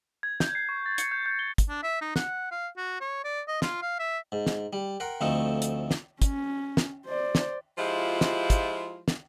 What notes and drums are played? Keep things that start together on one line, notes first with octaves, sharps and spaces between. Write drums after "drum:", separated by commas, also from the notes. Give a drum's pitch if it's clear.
G#6
G6, drum: snare
C7
C#6
A6
C#7, drum: hi-hat
G6
G6
G7
drum: kick, hi-hat
D4
E5
D#4
F#5, drum: snare
F5
F#4
C#5
D5
D#5
F4, drum: snare
F5
E5
G#2
drum: snare
G3
A#4 F#5 G5 C6
D2 F3 A3 C4 D#4 C#6
drum: hi-hat
drum: snare
C#4, drum: kick, hi-hat
drum: snare
C5 D5
drum: snare
F3 G#3 E4 F4 G4
drum: snare
drum: kick, hi-hat
drum: snare